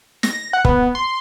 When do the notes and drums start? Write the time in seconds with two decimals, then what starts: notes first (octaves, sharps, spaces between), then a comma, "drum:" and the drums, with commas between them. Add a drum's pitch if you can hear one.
0.23 A#6, drum: snare
0.53 F#5
0.65 B3, drum: kick
0.95 C6